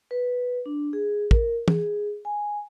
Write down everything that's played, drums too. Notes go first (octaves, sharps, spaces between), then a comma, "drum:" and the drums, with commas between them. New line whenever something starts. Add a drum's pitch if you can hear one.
B4
D4
G#4
A#4, drum: kick
G#4, drum: tom
G#5